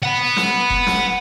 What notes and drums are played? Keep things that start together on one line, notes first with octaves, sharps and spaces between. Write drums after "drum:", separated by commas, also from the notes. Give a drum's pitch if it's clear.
F#5 B5
drum: snare
drum: kick F1
drum: snare